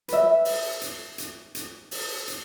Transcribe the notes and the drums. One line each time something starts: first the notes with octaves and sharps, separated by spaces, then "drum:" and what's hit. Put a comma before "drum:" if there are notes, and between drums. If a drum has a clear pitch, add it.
B4 E5, drum: hi-hat
drum: open hi-hat
drum: hi-hat
drum: hi-hat
drum: hi-hat
drum: open hi-hat
drum: hi-hat